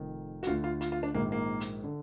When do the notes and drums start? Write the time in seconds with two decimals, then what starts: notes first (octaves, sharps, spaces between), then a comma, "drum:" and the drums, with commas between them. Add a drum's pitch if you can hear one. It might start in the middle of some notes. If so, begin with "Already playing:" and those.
Already playing: F1 F2 D#3
0.43 F#4, drum: hi-hat
0.47 D2 D3 F4
0.64 F4
0.81 F4, drum: hi-hat
0.92 F4
1.03 D4
1.14 A#1 G#2 D#3 A#3
1.32 A#3
1.60 drum: hi-hat
1.84 D3